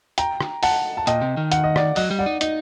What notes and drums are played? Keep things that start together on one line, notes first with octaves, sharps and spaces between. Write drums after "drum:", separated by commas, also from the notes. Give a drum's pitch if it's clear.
G5 A#5, drum: hi-hat
drum: rim click
F#5 A5, drum: open hi-hat
A5
A#2 D#5 G5, drum: hi-hat
C3
D#3
F#5, drum: hi-hat
D#5
D5 F#5, drum: rim click
F#3 D#5, drum: open hi-hat
G3
D5 F#5
D#4
D#4 D#5, drum: hi-hat